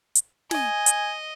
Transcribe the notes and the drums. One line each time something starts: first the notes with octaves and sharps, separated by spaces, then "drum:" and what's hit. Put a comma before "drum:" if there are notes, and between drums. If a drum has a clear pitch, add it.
drum: hi-hat
D#5 G#5, drum: snare
drum: hi-hat